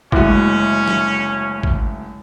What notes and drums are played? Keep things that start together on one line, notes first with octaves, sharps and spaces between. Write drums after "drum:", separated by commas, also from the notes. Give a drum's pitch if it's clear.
F#1 D2 G#3 C#4 E4 F#4, drum: kick
drum: snare F#3
drum: kick